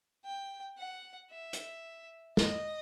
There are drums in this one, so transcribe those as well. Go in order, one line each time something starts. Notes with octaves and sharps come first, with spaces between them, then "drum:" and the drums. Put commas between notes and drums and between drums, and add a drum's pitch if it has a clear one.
G5
F#5
E5
drum: hi-hat
D#5, drum: snare